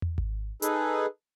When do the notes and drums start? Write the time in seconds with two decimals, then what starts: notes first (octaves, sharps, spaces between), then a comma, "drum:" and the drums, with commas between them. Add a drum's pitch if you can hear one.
0.02 drum: tom E2
0.18 drum: kick G#1
0.62 D#4 G#4 A4 B4, drum: hi-hat